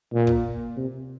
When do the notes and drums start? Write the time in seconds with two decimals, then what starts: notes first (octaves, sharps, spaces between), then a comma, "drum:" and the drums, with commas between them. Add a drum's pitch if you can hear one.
0.14 A#2
0.27 drum: kick
0.77 C3